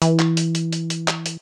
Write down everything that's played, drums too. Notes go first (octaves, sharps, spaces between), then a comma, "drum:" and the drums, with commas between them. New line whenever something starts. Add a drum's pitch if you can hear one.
E3, drum: hi-hat
drum: clap
drum: hi-hat
drum: hi-hat
drum: hi-hat
drum: hi-hat
drum: clap
drum: hi-hat